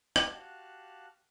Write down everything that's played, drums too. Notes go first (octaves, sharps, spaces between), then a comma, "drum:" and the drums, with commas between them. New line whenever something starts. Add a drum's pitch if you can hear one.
F#4 G4 F5 A5 F#6, drum: rim click